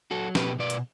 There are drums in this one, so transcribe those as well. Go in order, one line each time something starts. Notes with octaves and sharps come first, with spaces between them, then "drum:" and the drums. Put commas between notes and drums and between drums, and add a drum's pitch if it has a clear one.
F#3 F#4 A4
B2 G4 B4, drum: snare
B2 B4 D5
drum: hi-hat